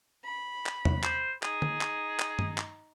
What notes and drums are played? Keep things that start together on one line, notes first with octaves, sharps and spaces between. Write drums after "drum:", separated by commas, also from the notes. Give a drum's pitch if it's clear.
B5
drum: clap
drum: tom
C5, drum: clap
D#4 G#4, drum: clap
drum: tom D3
drum: clap
drum: clap
drum: tom
drum: clap